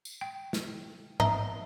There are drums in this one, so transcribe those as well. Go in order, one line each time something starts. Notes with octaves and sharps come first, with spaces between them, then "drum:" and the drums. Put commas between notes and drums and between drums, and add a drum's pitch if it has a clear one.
drum: tambourine
G5
drum: snare
D#4 E5, drum: tom G#2